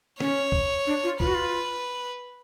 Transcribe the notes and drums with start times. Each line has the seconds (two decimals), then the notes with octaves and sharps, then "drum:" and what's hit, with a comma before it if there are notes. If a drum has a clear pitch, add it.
0.20 C#4 C#5, drum: snare
0.52 drum: kick
0.87 D4
1.04 F4
1.20 F4 B4, drum: kick
1.27 F#4
1.34 F4